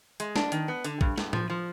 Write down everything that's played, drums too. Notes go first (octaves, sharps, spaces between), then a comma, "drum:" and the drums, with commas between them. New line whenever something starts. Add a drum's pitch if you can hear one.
G#3, drum: hi-hat
D4, drum: snare
D#3, drum: hi-hat
B3
D3, drum: hi-hat
G2, drum: kick
G2, drum: snare
F3, drum: tom A2
F3